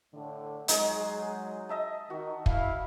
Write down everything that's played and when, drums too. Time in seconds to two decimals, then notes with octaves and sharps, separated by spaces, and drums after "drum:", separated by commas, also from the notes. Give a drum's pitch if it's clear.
0.14 A2 D3
0.68 F#3 G#3 D#4 G#4 D#5, drum: hi-hat
1.69 D#5 E5 A5
2.10 D#3 F#4
2.46 E4 F5, drum: kick